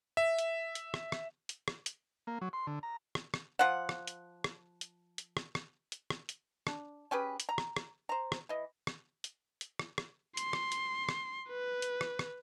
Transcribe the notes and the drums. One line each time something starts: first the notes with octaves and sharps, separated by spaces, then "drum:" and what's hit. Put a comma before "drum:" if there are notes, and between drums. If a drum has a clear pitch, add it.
E5
drum: hi-hat
drum: hi-hat
drum: rim click
drum: rim click
drum: hi-hat
drum: rim click
drum: hi-hat
A#3
F#3
C6
D3
A#5
drum: rim click
drum: rim click
F3 F#5
drum: rim click
drum: hi-hat
drum: rim click
drum: hi-hat
drum: hi-hat
drum: rim click
drum: rim click
drum: hi-hat
drum: rim click
drum: hi-hat
D4, drum: rim click
C#4 G4 G#4 B4
drum: hi-hat
A#5
drum: rim click
drum: rim click
C5 A#5
drum: rim click
E3 D#5
drum: rim click
drum: hi-hat
drum: hi-hat
drum: rim click
drum: rim click
C6, drum: hi-hat
drum: rim click
drum: hi-hat
drum: rim click
B4
drum: hi-hat
drum: rim click
drum: rim click